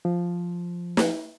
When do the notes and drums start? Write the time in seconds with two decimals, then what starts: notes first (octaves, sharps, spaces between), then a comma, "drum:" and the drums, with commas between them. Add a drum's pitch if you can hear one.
0.05 F3
0.97 drum: snare